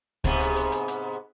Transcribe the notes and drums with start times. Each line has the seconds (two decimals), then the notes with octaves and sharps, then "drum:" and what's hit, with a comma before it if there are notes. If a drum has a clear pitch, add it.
0.24 G#2 C3 B3, drum: kick C#2, hi-hat
0.40 drum: hi-hat
0.56 drum: hi-hat
0.72 drum: hi-hat
0.88 drum: hi-hat